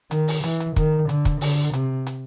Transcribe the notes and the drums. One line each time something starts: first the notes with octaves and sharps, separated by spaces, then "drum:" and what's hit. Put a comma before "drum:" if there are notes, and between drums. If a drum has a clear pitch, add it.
D#3, drum: hi-hat
drum: open hi-hat
E3, drum: hi-hat
drum: hi-hat
D#3, drum: kick, hi-hat
D3, drum: hi-hat
drum: kick, hi-hat
D3, drum: open hi-hat
C3, drum: hi-hat
drum: hi-hat